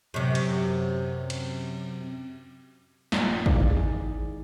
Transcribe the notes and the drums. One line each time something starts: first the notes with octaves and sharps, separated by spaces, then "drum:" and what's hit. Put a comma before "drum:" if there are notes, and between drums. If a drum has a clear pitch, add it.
F#2 C3
drum: cymbal
drum: cymbal
A#1, drum: snare
G#3 D#4 E4 D5 F5, drum: kick
D#3 G#4